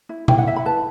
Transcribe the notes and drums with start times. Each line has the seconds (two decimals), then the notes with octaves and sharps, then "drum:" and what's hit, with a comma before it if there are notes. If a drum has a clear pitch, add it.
0.09 E4
0.28 E4 G5, drum: tom A#2
0.38 F#5
0.47 E4 E5
0.56 B5
0.66 B4 A5